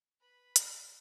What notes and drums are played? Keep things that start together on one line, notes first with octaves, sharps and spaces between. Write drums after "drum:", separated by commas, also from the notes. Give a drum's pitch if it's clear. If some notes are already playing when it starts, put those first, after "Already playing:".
B4 B5
drum: hi-hat